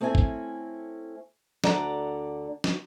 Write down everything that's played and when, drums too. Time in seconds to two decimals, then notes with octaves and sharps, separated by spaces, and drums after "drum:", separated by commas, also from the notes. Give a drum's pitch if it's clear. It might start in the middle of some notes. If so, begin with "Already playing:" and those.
0.01 A3 C4 C#4 E4 G#5
0.15 drum: kick
1.64 D2 D3 D5 F#5 A#5, drum: snare
2.64 drum: snare